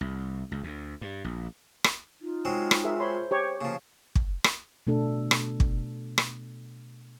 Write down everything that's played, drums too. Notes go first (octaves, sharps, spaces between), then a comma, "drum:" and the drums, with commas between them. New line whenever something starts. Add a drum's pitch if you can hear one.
C2
C#2
D2
G2
A#1
drum: rim click
D#4 F4
F#3 G#3 C4
drum: rim click
G#4 A#4 E5
C5 C#5 B5 C6
G4 C#5
C#3 F3 A#3
drum: kick
drum: rim click
B2 A3 D4 A4
drum: rim click
drum: kick
drum: rim click